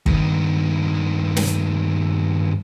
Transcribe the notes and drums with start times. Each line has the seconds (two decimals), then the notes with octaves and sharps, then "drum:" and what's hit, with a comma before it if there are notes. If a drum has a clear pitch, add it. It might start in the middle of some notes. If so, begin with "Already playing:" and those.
0.06 G2 D#3, drum: kick G1
1.36 drum: snare